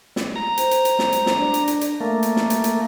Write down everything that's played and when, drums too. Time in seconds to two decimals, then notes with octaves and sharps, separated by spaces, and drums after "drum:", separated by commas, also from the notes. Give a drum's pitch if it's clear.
0.16 drum: snare
0.36 A#5
0.57 C5, drum: hi-hat
0.71 drum: hi-hat
0.85 drum: hi-hat
0.99 drum: snare
1.13 drum: hi-hat
1.26 drum: snare
1.37 D4
1.54 drum: hi-hat
1.68 drum: hi-hat
1.81 drum: hi-hat
2.01 A3 A#3 A#4
2.23 drum: hi-hat
2.36 drum: snare
2.50 drum: hi-hat
2.64 drum: hi-hat